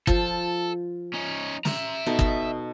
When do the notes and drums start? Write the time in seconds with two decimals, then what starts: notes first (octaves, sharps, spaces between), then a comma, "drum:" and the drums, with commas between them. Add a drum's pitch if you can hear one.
0.07 F3 A4, drum: kick
1.14 C#4 D#4
1.65 E5 A#5, drum: snare
2.06 B2 D#4 A4
2.19 drum: kick